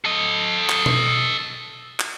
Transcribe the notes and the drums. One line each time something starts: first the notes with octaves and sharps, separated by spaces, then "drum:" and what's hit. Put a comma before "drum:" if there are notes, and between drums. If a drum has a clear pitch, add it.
A4 D#5
drum: clap
drum: tom B2
drum: clap